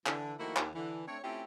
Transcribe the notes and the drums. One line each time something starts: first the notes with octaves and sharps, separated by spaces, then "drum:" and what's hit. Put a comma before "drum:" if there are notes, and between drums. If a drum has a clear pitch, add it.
D3 E3, drum: clap
D#3 F3 A3 A#3 E4 F#4
D#2, drum: clap
D3 E3
A3 C4 D4 C#5
A3 C4 C#4 E4 F4 G4